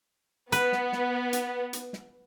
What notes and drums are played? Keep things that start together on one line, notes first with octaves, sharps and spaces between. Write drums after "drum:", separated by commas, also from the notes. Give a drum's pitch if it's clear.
B3 B4, drum: hi-hat
drum: snare
drum: snare
drum: hi-hat
drum: hi-hat
drum: snare